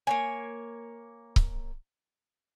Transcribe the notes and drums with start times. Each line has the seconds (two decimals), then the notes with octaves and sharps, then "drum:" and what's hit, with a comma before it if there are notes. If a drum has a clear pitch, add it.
0.07 A#3 C#5 G#5
1.36 drum: kick C#1